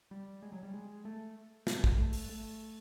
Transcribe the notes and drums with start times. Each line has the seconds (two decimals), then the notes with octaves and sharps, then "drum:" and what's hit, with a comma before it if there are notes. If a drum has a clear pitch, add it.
0.11 G3
0.42 G#3
0.53 F#3
0.63 G3
0.74 G#3
1.05 A3
1.67 G#3, drum: snare
1.84 drum: kick
1.98 A3
2.13 drum: open hi-hat
2.29 A3